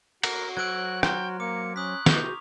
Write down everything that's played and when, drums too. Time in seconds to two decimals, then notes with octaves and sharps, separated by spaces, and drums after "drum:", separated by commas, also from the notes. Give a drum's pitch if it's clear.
0.23 F#4 A#4 F#5, drum: cymbal
0.57 F#3 C5 E6 F#6 G#6 D7
1.03 G5 A#5 C6 F6, drum: rim click
1.40 A#3 D6 C#7
1.76 C#4 C#6 D#6 F#6 B6
2.06 C3 F#4 G#4 C#6 D6 G6 F7, drum: snare